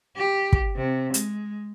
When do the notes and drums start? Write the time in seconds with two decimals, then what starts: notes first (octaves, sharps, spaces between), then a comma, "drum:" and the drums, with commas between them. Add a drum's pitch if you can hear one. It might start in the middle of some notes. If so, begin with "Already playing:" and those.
0.16 G4
0.53 drum: kick
0.76 C3
1.14 G#3, drum: hi-hat